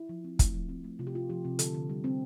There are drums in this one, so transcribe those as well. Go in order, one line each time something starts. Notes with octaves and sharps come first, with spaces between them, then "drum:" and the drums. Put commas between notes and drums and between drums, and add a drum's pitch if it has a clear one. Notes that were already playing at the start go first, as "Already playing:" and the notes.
Already playing: E4
F3
C4
A3, drum: kick, hi-hat
F3
C4
A3
C3 F4
G4
C3 F4
F3 G4
C3
D3 A4, drum: hi-hat
D3
G3
C4